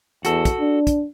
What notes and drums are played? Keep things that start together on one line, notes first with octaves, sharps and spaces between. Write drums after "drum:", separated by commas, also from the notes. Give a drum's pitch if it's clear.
E2 F#4 A4, drum: hi-hat
drum: kick, hi-hat
D4
drum: kick, hi-hat